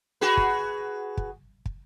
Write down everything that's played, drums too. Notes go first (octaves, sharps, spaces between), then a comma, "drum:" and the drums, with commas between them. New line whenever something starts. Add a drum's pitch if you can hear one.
F#4 G#4 B4
drum: kick
drum: kick
drum: kick